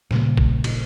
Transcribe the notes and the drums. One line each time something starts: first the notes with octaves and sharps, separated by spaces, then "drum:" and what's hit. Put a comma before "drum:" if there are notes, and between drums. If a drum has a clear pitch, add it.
A#2 C#3 G3 A#3, drum: snare
drum: kick
drum: cymbal